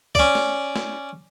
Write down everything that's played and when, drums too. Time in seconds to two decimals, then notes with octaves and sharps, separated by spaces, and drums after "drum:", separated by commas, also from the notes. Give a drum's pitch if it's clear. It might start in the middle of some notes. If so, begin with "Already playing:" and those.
0.15 C#4 D5, drum: kick C2
0.35 drum: snare
0.76 drum: snare